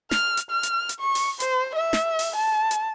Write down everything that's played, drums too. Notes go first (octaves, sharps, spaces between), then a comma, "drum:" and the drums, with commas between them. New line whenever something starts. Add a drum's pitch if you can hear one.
F6, drum: snare
drum: hi-hat
F6
drum: hi-hat
drum: hi-hat
C#6
drum: open hi-hat
C5, drum: hi-hat
E5
drum: snare
drum: open hi-hat
A5
drum: hi-hat